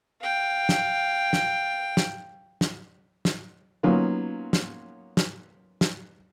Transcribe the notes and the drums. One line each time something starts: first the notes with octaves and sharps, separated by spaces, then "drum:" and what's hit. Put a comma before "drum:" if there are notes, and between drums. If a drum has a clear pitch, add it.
F5 G5
drum: snare
drum: snare
drum: snare
drum: snare
drum: snare
F#3 A#3 B3 C#4 D#4 F4
drum: snare
drum: snare
drum: snare